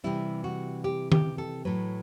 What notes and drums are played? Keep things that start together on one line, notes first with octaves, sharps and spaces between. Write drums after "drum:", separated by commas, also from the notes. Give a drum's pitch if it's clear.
C3 E3 G3 E4
F#4
G4
G4, drum: tom
A4
A2 F#3 B4